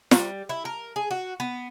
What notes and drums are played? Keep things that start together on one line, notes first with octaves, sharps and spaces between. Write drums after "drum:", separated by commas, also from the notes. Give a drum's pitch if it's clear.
G3, drum: snare
E4
A#4
G#4
F#4
B3